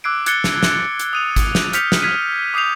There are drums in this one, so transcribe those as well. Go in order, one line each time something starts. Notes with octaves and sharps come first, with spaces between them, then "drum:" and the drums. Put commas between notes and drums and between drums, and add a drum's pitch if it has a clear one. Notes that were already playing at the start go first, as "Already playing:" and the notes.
D6 E6 F#6 G#6 C7 D7
F#6 G#6 A6 C7 C#7 G7, drum: hi-hat
drum: snare
drum: snare
drum: hi-hat
D#6 D#7 F7
drum: kick G#1, hi-hat
drum: snare
F6 G6 B6 C#7 F7, drum: hi-hat
drum: snare
F6 G#6 B6 D#7
D6 D#6 G6 C7 F7